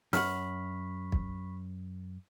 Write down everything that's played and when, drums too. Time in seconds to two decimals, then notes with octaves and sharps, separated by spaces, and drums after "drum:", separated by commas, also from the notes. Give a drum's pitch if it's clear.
0.13 F#2 F#5 B5 C#6 F6 B6, drum: snare
1.12 drum: kick